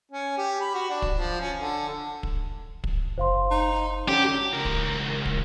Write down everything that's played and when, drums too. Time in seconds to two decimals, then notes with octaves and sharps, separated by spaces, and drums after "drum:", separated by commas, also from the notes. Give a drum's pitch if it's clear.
0.12 C#4
0.38 G4
0.61 B5
0.74 F#4
0.90 D4
1.02 drum: kick
1.15 F3
1.41 C#4
1.57 D3
2.23 drum: kick
2.84 drum: kick
3.18 F#1 C5 F5 C6
3.51 D#4
4.08 D3 C#4 G4
4.53 C#2 A#4
4.65 drum: kick
5.25 drum: kick